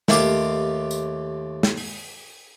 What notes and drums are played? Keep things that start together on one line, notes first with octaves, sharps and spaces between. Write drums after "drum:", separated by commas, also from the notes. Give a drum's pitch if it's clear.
D#2 A3 F4 G4 C6 D6, drum: snare
drum: tambourine
drum: snare
drum: open hi-hat